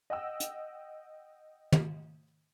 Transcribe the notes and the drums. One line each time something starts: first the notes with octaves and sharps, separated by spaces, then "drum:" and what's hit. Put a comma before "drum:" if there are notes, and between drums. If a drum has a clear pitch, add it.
D#5 F#5 G5 E6
drum: hi-hat
drum: tom